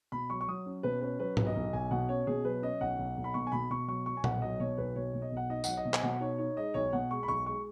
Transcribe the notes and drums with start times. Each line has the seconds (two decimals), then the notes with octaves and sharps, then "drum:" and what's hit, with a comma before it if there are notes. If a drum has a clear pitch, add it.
0.12 B2 B5
0.30 F#3 C#6
0.41 C#6
0.48 F#3 D#6
0.66 C#4
0.83 B2 B4
1.01 C#4 B4
1.19 F#3 B4
1.37 B1, drum: tom G#2
1.47 D#5
1.55 B1
1.73 B1 G#5
1.91 B2 F#5
2.09 C#4 C#5
2.27 B2 G#4
2.45 F#3 B4
2.62 C#4 D#5
2.81 B1 F#5
2.99 B1
3.17 B1
3.24 B5
3.34 B2 C#6
3.47 G#5
3.52 B2 B5
3.70 B2 C#6
3.88 F#3 C#6
4.06 F#3 C#6
4.17 G#5
4.24 B1 F#5, drum: tom A#2
4.42 F#3 D#5
4.60 B2 C#5
4.78 B1 B4
4.96 B2 C#5
5.13 B2
5.22 D#5
5.32 B1
5.37 F#5
5.50 D#4 D#5
5.64 F#3 F#5, drum: tambourine
5.77 D#5
5.85 B2
5.94 G#5, drum: clap
6.03 B2 F#5
6.20 D#4 C#5
6.38 D#4 C#5
6.56 G#3 D#5
6.74 B1 C#5
6.93 B2 F#5
7.10 G#3 C#6
7.23 B5
7.28 B1 C#6
7.46 G#3 C#6